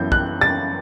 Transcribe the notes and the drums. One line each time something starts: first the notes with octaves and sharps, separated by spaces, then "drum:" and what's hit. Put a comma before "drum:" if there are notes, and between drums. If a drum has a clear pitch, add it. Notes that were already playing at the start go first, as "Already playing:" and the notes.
Already playing: F#2 E3 B3 G6
F#6, drum: kick
A6